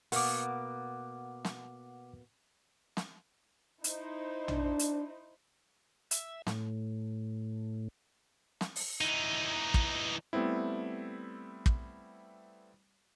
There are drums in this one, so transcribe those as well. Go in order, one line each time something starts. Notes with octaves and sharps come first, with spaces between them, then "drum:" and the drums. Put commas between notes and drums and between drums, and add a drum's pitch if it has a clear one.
B2 A#3 B3 F#5 D6, drum: open hi-hat
drum: snare
drum: snare
D#4 E4 C5, drum: hi-hat
D4, drum: tom A#1
drum: hi-hat
E5, drum: hi-hat
A2, drum: snare
drum: snare
drum: open hi-hat
E3 D#4
drum: kick
G3 A3 B3 C4 E4
drum: kick